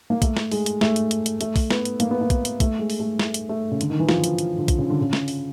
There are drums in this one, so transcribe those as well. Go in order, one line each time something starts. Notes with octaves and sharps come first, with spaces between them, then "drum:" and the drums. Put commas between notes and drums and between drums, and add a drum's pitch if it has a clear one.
A#3
A3, drum: kick, hi-hat
drum: snare
G#3, drum: open hi-hat
drum: hi-hat
A3, drum: snare
drum: hi-hat
drum: hi-hat
drum: hi-hat
A3, drum: hi-hat
drum: kick, open hi-hat
B3, drum: snare
drum: hi-hat
A#3, drum: hi-hat
B3
A#3
drum: kick, hi-hat
drum: hi-hat
A3, drum: kick, hi-hat
G#3
drum: open hi-hat
A3
A3, drum: snare
drum: hi-hat
A3
C#3
D3, drum: hi-hat
D#3
E3
F3, drum: snare
drum: hi-hat
drum: hi-hat
D3
drum: kick, hi-hat
C#3
D3
C#3
drum: snare
drum: open hi-hat